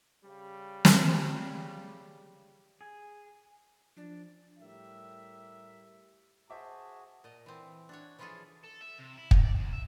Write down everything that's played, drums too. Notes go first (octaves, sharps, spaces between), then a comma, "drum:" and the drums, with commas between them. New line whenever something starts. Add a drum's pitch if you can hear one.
C#3 G3
drum: snare
G#4
F3 D4
A2 G3 G4 A#4 E5
F#4 G#4 C5 E5 A5 D6
A#2 D#5
E3 C4
D4 F#4 C#5
E3 F3 E4 F4 G#4 A4
A4
E5
C3
E4
D#4, drum: kick
D5
D#2
E5